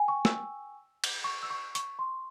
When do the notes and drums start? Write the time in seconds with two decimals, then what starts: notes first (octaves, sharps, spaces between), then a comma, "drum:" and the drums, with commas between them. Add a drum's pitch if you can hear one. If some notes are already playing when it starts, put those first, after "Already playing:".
Already playing: G5 G#5
0.08 C#6
0.25 E6, drum: snare
1.04 drum: cymbal
1.24 C#6
1.43 E6
1.50 C#6
1.75 C#6, drum: hi-hat
1.99 C6